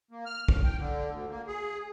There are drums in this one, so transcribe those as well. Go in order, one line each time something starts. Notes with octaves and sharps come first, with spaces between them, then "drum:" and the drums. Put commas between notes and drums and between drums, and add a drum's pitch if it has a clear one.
A#3
F6
A2, drum: kick
G5
D3
D2
A#3
G#4